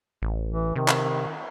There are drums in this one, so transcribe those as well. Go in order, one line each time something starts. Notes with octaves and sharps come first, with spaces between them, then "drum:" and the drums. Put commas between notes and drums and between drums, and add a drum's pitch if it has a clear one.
A1
E3
C3 D#3
drum: clap